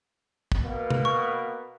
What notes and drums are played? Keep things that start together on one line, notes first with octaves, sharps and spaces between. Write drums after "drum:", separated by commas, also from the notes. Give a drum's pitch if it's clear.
drum: kick
B2 A#3 B3
drum: tom
C#6